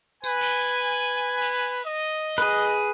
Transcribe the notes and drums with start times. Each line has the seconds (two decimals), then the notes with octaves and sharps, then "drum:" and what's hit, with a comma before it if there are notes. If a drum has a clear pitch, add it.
0.24 B4 G#5, drum: tambourine
0.41 drum: cymbal
1.42 drum: cymbal
1.86 D#5
2.38 G#4 B4